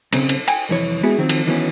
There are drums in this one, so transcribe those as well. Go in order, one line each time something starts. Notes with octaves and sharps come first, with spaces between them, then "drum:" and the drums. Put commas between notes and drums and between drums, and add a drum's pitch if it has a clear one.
B1 C#3 C4, drum: cymbal
drum: cymbal
G5 G#5, drum: cymbal
C2 F2 E3 C#5
G#3 B3 E4 F#4 G#4
D#3 F3 F#3 C4
drum: cymbal
D#3 E3 F#3 B3 C#4